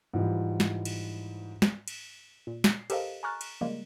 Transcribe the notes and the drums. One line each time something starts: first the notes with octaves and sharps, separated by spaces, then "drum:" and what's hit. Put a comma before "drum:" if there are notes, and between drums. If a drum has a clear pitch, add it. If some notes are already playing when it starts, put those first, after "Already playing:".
G#2 E3 F3 G3
drum: snare
drum: cymbal
drum: snare
drum: cymbal
A#2
drum: snare
C7
G4 A4 A#4 C5 D#5 F5, drum: cymbal
G#5 A#5 C#6 F6 F#6 A6
drum: cymbal
C#3 F3 G3 G#3 A#3